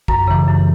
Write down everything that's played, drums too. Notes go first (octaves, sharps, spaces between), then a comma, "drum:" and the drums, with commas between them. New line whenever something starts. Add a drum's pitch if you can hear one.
F#2 A#5, drum: kick
C#3 E3
F#2